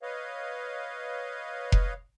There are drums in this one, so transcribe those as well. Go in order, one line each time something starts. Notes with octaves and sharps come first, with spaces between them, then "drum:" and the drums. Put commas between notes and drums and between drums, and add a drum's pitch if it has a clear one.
B4 C#5 D#5 F5
drum: kick F1